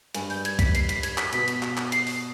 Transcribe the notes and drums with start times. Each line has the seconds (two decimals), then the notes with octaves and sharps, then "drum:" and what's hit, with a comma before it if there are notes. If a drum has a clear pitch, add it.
0.15 G2 G#5, drum: hi-hat
0.30 G6, drum: open hi-hat
0.45 G#6, drum: hi-hat
0.59 B6, drum: kick C#2, hi-hat
0.75 C7, drum: hi-hat
0.89 B6, drum: hi-hat
1.03 G#6, drum: hi-hat
1.18 B6, drum: clap
1.33 B2 B6, drum: hi-hat
1.48 drum: hi-hat
1.62 drum: clap
1.77 drum: clap
1.92 C7, drum: hi-hat
2.07 drum: open hi-hat